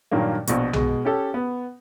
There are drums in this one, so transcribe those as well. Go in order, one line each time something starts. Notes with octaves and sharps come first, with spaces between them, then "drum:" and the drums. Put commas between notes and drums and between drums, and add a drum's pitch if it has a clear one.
G2 A#2 D#3 F#3 A#3
A#1 B2, drum: hi-hat
B2 G#3, drum: tom B1
C#4 G4 A4
B3